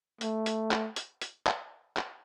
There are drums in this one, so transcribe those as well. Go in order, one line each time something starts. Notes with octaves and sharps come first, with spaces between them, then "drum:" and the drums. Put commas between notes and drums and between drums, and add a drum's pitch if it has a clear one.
A3, drum: hi-hat
drum: hi-hat
drum: clap
drum: hi-hat
drum: hi-hat
drum: clap
drum: clap